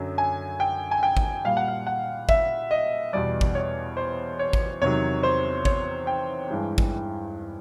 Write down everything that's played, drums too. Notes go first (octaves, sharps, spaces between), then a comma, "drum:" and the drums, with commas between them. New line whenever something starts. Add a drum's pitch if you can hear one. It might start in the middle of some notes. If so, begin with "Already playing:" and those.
Already playing: F#2 D3 F#3
G#5
G5
G#5
G5
drum: kick G#1
A#2 G3 F5
F#5
F5
F#5
E5, drum: kick G#1
D#5
E2 B2 G3 D5
drum: kick G#1
C#5
C5
C#5
drum: kick G#1
E2 C3 D#3 F#3 C#5
C5
C#5, drum: kick G#1
G5
G2 E3 G#3
drum: kick G#1